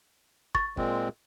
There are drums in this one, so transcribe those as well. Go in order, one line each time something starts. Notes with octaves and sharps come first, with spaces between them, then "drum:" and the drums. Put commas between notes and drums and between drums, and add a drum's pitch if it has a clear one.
C#6 A6, drum: kick
A#2 G#3 C4, drum: kick